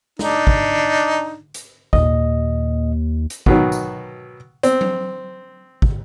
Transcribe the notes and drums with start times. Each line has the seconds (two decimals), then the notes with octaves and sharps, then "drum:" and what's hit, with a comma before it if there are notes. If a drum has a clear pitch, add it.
0.19 D4 D#4, drum: snare
0.47 drum: kick
1.54 drum: hi-hat
1.93 D#2 A#2 D#5, drum: kick
3.30 drum: hi-hat
3.46 B2 D#3 F#3, drum: kick
3.72 drum: tambourine
4.63 C4, drum: hi-hat
4.81 drum: tom F#3
5.82 drum: kick